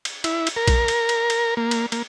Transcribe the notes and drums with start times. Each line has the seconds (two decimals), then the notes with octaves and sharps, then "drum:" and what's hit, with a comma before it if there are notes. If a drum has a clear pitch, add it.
0.05 drum: cymbal
0.24 E4, drum: cymbal
0.47 drum: cymbal
0.56 A#4
0.68 drum: kick A#1, cymbal
0.88 drum: cymbal
1.09 drum: cymbal
1.30 drum: cymbal
1.57 A#3
1.71 drum: cymbal
1.92 A#3, drum: cymbal